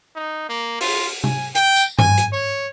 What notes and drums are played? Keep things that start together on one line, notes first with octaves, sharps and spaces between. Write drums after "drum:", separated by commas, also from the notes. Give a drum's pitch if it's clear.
D#4
A#3
F4, drum: open hi-hat
G#5, drum: tom C3
G5, drum: hi-hat
drum: tambourine
G#5, drum: tom G2
drum: hi-hat
C#5